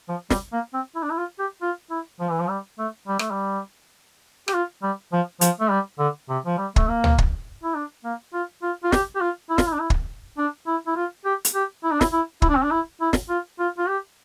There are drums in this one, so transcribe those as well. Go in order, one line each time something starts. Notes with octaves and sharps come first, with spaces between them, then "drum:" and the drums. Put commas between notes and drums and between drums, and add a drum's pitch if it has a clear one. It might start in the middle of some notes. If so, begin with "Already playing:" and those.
F3
G3, drum: snare
A#3
C4
E4
D4
E4
F4
G4
F4
E4
F3
E3
F3
G3
A3
G3
A3, drum: rim click
G3
G4, drum: rim click
F4
G3
F3
F3, drum: hi-hat
A3
G3
D3
C3
F3
G3
A3, drum: kick
A#3
drum: tom C#2
drum: kick
E4
D4
A#3
F4
F4
F4
G4, drum: snare
G4
F4
E4
F4, drum: snare
E4
D4
E4
drum: kick
D4
E4
E4
F4
G4
drum: hi-hat
G4
E4
D4
E4, drum: snare
E4
E4, drum: kick
D4
C4
D4
E4
E4
drum: snare
F4
F4
F4
G4